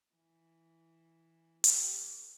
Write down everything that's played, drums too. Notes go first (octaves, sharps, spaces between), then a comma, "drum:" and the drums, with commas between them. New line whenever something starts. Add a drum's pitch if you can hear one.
E3
G4 A#4, drum: hi-hat